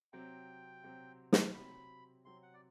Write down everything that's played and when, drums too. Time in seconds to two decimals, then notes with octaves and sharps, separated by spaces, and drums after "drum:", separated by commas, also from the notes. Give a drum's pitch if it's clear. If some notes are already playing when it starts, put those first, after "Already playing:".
0.13 C3 F#3 C4 G5
0.84 C3 F#3 C4
1.33 drum: snare
1.54 C3 F#3 C4 B5
2.25 C3 F#3 C4 C6
2.43 F#5
2.54 D5